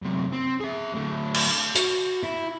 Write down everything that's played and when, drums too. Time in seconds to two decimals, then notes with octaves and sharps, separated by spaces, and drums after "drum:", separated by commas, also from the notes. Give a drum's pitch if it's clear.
0.02 F#2 C3
0.32 C4
0.60 G#4 E5
0.94 A2 D3
1.34 drum: cymbal
1.76 F#4, drum: hi-hat
2.23 E4